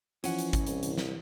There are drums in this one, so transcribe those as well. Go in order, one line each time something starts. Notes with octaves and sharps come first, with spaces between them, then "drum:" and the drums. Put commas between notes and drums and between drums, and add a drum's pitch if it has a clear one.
E3 F3 C#4 F#5, drum: hi-hat
drum: hi-hat
drum: kick G#1, hi-hat
C2, drum: hi-hat
drum: hi-hat
drum: snare